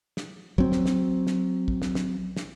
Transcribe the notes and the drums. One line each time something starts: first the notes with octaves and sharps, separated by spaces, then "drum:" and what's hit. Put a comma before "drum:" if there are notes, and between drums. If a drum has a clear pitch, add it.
drum: snare
F#3 C4, drum: kick
drum: snare
drum: snare
drum: snare
drum: kick
drum: snare
drum: snare
drum: snare